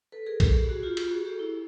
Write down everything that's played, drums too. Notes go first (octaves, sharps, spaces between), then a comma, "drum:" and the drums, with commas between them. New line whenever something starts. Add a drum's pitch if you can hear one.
A4 B4
G#4 A#4
G4 A4, drum: kick A#1, cymbal
F#4 G#4
F4 G4
F4 G4, drum: cymbal
F#4 G#4
G4 A4
E4